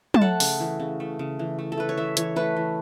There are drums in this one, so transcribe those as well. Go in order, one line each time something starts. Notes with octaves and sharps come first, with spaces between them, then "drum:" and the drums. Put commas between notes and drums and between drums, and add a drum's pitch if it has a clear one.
A5, drum: tom
A3 F#5
C#3, drum: open hi-hat
E3
C#3
A3
C#3
E3
A3
A4
A3 B4
C#5
E3 E5
E3 C#5, drum: hi-hat
A3 B4
E3